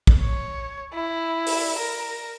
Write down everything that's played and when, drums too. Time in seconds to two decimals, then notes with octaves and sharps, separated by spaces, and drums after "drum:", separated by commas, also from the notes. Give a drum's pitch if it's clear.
0.07 drum: kick
0.20 C#5
0.93 E4
1.46 drum: open hi-hat
1.79 A#4